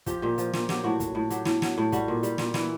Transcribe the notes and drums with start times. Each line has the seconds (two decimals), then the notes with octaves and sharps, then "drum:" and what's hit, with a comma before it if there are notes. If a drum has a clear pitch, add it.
0.06 F3 G4, drum: kick, hi-hat
0.22 A#2 G4
0.38 F3, drum: hi-hat
0.54 A#2, drum: snare
0.69 F#3 G4, drum: snare
0.84 A2 F#4
1.00 F#3, drum: kick, hi-hat
1.15 A2
1.30 F#3 G4, drum: hi-hat
1.45 A2, drum: snare
1.62 F#3, drum: snare
1.78 A2
1.92 G3 F#4, drum: kick, hi-hat
2.08 A#2
2.23 G3, drum: hi-hat
2.38 A#2, drum: snare
2.54 E3 E4, drum: snare